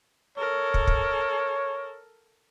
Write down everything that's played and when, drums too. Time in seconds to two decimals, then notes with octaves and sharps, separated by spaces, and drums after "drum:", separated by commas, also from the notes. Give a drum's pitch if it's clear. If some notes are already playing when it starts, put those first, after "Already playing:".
0.38 A4 A#4 C#5
0.74 drum: kick
0.87 drum: kick